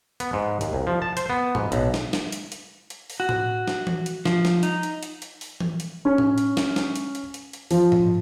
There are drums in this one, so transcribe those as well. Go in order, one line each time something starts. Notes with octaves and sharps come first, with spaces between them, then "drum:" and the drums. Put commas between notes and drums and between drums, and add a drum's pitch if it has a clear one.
B3, drum: hi-hat
G#2
D#2, drum: hi-hat
C2
F3
A5
C5, drum: hi-hat
B3
G#2, drum: tom A2
B1, drum: hi-hat
drum: snare
drum: snare
drum: hi-hat
drum: hi-hat
drum: hi-hat
drum: open hi-hat
F#4
drum: tom A2
drum: snare
drum: tom E3
drum: hi-hat
F3, drum: snare
drum: snare
D#4, drum: hi-hat
drum: hi-hat
drum: hi-hat
drum: hi-hat
drum: open hi-hat
drum: tom E3
drum: hi-hat
C#4
drum: tom A2
drum: hi-hat
drum: snare
drum: snare
drum: hi-hat
drum: hi-hat
drum: hi-hat
drum: hi-hat
F3, drum: open hi-hat
drum: tom G#2